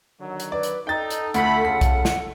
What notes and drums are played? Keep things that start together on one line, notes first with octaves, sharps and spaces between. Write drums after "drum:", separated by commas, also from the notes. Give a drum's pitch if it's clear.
D3 D#3 F#3
drum: hi-hat
B4 D5
drum: hi-hat
D#4 A4 G5 A6
drum: hi-hat
D2 A3 F4 F#5 B5, drum: hi-hat
C#3 A3 F4 B6
drum: kick B1, hi-hat
drum: snare